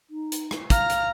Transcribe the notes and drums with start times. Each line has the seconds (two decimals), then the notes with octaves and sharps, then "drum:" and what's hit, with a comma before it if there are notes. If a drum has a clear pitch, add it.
0.10 D#4
0.32 drum: hi-hat
0.51 drum: rim click
0.70 F5 A#5 F6, drum: kick, hi-hat
0.90 drum: hi-hat